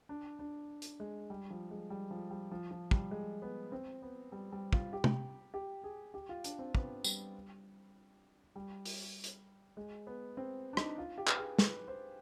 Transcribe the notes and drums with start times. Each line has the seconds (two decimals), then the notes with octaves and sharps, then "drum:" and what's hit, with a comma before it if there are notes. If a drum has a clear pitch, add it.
0.09 D4
0.39 D4
0.82 drum: hi-hat
1.00 G#3
1.30 G3
1.50 F3
1.71 G#3
1.90 G3
2.11 F3
2.31 G3
2.51 F3
2.71 F3
2.91 G3, drum: kick
3.11 G#3
3.42 B3
3.72 C4
4.02 B3
4.32 G3
4.52 G3
4.73 F4, drum: kick
4.93 G4
5.04 drum: tom C3
5.54 G4
5.84 G#4
6.14 G4
6.29 F4
6.44 D4, drum: hi-hat
6.59 C4
6.75 B3, drum: kick
7.04 G3, drum: tambourine
8.56 G3
8.86 drum: open hi-hat
9.24 drum: hi-hat
9.77 G#3
10.07 B3
10.37 C4
10.73 D4
10.77 D#4, drum: rim click
10.98 F4
11.18 G4
11.27 B4, drum: clap
11.38 G#4
11.59 B4, drum: snare
11.88 C5